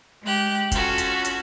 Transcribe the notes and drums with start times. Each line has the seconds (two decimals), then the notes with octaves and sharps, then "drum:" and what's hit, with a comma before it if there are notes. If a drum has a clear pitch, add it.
0.22 G#3 G4 F#6
0.72 C#4 F4 F#4 A4, drum: kick, hi-hat
0.98 drum: hi-hat
1.25 drum: hi-hat